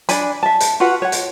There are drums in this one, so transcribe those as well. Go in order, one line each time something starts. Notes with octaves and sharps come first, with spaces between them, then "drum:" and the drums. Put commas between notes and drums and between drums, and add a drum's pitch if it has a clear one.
D4 D5 G#5 B5, drum: hi-hat
E5 A5
drum: hi-hat
F4 F#4 B4 F#5
C#5 F#5
drum: hi-hat